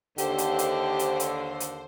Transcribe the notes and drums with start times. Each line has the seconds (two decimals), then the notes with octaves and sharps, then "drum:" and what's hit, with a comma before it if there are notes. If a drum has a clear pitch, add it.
0.18 D#2 D3 G4 C5, drum: hi-hat
0.38 drum: hi-hat
0.59 drum: hi-hat
0.99 drum: hi-hat
1.20 drum: hi-hat
1.60 drum: hi-hat